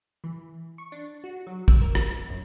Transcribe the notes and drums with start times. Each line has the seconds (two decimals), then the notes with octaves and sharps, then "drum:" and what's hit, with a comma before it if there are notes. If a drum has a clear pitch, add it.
0.24 E3
0.78 C#6
0.92 D4
1.24 F#4
1.47 F#3
1.68 E6, drum: kick
1.82 A#4
1.95 drum: rim click
2.30 F#2